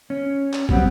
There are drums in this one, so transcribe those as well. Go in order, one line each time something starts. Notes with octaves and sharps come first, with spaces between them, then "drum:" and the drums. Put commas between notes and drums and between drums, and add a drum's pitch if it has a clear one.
C#4
drum: clap
F#3 G3 B3 C4, drum: kick